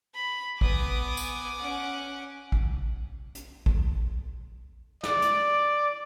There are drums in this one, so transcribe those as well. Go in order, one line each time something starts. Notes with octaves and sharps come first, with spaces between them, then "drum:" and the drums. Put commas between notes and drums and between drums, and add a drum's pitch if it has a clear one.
B5
B3 G#5 D6 D#6, drum: kick A1
drum: tambourine
C#4 F#5
drum: kick A1
drum: hi-hat
drum: kick A1
D5, drum: snare
drum: hi-hat